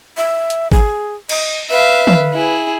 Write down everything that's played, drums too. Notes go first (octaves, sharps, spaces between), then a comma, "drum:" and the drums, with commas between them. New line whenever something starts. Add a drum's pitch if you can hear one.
E5
drum: hi-hat
G#4, drum: kick
D#5, drum: cymbal
B4 E5 F5
drum: tom
E4 G#4